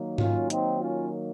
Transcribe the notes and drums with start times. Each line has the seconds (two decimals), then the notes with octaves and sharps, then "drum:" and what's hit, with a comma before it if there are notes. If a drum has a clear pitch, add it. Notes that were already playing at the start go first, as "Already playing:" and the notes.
Already playing: D#3 F#3 A#3
0.18 C#4 F4, drum: tom G#2
0.50 C4 D#4, drum: hi-hat
0.81 C#4 F4